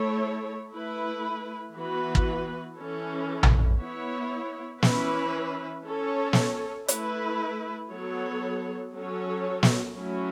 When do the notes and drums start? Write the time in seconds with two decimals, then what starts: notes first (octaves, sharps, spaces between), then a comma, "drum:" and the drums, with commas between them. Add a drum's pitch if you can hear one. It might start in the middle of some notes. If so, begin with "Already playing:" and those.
Already playing: A3 E4 A4 C#5
0.70 A3 E4 B4
1.73 E3 B3 F#4 B4
2.15 drum: kick
2.77 E3 C#4 A4
3.43 drum: tom A#1
3.79 B3 E4 C#5
4.82 E3 C#4 E4 B4, drum: snare
5.85 C#4 A4 C#5
6.33 drum: snare
6.88 A3 E4 B4, drum: hi-hat
7.90 F#3 B3 A4 C#5
8.94 F#3 C#4 A4 C#5
9.63 drum: snare
9.96 F#3 A3 C#4 E4